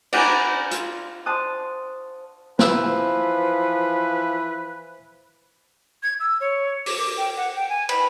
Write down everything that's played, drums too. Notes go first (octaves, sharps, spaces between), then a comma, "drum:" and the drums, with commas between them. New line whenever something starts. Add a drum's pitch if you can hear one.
D5 F#5 G#5 A#5 B5, drum: cymbal
F4, drum: hi-hat
C5 A5 D#6 F#6
E3 F3 B4 C5 E6, drum: snare
G#6
E6
C#5
D6, drum: open hi-hat
D6
G5
F#5
G5
G#5
B5, drum: cymbal